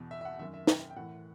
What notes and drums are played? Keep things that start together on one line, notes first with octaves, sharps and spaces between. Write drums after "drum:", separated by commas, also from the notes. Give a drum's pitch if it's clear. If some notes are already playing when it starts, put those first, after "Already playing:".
Already playing: E2 B2
E5
E5
F#5
F#2 D#3 E5
E5
G5, drum: snare
G5
A2 E3 F#5